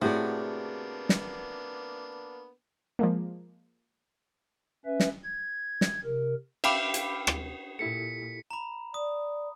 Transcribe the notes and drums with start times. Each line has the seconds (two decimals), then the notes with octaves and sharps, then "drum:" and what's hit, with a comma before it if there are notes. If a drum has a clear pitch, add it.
0.02 A2 C3 A#3 B3 D4 F#4 G#4 D5
1.09 drum: snare
2.99 F3 G#3 A#3
4.86 C#4 B4 E5
5.00 drum: snare
5.24 G#6
5.81 drum: snare
6.04 C3 A#4
6.64 E5 F5 G5 B5 D6, drum: cymbal
6.94 drum: hi-hat
7.27 drum: rim click
7.79 A#2 E4 G4 A4 B6 C#7
8.51 A#5 B5
8.94 D5 D#6